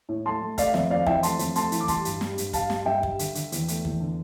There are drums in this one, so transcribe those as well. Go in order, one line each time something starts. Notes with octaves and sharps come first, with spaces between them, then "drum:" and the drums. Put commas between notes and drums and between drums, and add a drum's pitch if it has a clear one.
A2
A3 A5 C6
A3
A3 D5 F5, drum: kick, hi-hat
F2 E5, drum: snare
F2 D5 F5
E3 E5 G5, drum: kick
A3 A5 C6, drum: hi-hat
F2, drum: hi-hat
A3 A5 C6, drum: hi-hat
E3, drum: hi-hat
D6
G3 A5 C6, drum: kick, hi-hat
G2, drum: hi-hat
G3, drum: snare
G2, drum: hi-hat
G2 F5 A5, drum: kick, hi-hat
G3, drum: snare
G2 E5 G5
G3, drum: kick
D3, drum: hi-hat
D3, drum: hi-hat
E2, drum: hi-hat
A3, drum: hi-hat
E2, drum: kick
D3